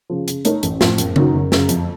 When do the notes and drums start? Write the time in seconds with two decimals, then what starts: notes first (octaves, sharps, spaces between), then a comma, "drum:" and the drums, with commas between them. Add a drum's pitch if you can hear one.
0.10 C#3 F3
0.28 C#3, drum: hi-hat
0.45 A3 D#4 A#4 C#5, drum: hi-hat
0.63 A1, drum: hi-hat
0.81 A2 F3 C4 F4, drum: snare
0.98 F#1, drum: hi-hat
1.16 F#2 D#3 F#3, drum: tom C#3
1.34 F#1
1.52 F#2 C#3, drum: snare
1.69 F2, drum: hi-hat